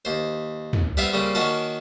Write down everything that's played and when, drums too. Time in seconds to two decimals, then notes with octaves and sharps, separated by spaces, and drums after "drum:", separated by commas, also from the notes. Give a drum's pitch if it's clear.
0.05 D#2 C5
0.73 drum: tom
0.97 G3 B3 C4 E5 F5
1.13 C#3 G3 A#3 C4
1.35 D#3 A#3 C#4 F#4 A5